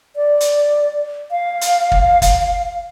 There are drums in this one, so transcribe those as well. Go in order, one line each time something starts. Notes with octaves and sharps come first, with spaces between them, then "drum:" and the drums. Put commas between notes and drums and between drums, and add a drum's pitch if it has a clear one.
D5
drum: hi-hat
F5
drum: hi-hat
drum: kick
drum: kick, hi-hat